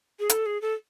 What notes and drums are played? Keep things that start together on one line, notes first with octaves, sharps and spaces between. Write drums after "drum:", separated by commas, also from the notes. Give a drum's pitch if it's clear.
G#4
A4, drum: hi-hat
G#4
A4